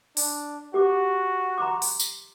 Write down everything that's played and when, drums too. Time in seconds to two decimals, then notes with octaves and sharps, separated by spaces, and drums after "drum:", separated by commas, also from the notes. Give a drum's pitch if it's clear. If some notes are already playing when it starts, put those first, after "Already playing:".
0.17 D4, drum: open hi-hat
0.74 F#4 G4 D6
1.58 A#5 C6 D6
1.82 drum: open hi-hat
2.00 drum: tambourine